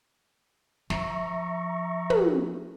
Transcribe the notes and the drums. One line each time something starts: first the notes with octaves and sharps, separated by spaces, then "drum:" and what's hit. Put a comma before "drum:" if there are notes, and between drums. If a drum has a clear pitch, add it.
F3 E5 A#5 C#6, drum: snare
drum: tom